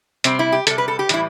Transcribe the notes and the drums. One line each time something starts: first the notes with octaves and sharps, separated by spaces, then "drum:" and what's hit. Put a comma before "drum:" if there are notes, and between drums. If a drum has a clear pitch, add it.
C3 G3 C4, drum: hi-hat
E4
G4
C3 G3 A4, drum: hi-hat
B4
A4
G4
A2 E3 G3 E4, drum: hi-hat